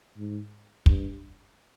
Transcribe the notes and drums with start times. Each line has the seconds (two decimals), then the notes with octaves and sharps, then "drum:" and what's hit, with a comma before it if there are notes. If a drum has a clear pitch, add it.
0.17 G#2
0.86 G2, drum: kick